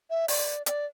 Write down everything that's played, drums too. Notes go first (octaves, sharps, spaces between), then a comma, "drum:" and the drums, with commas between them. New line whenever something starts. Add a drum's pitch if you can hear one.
E5
D5, drum: open hi-hat
D5, drum: hi-hat